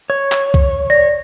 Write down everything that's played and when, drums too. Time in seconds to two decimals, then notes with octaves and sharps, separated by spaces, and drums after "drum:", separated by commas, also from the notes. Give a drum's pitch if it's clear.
0.10 C#5
0.32 drum: clap
0.54 drum: kick C2
0.90 D5 A#6